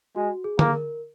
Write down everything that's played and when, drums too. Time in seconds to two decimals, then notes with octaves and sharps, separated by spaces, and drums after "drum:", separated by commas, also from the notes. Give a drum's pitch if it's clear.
0.16 G#3 F#4
0.44 G#4
0.59 A#3, drum: tom D3
0.73 A#4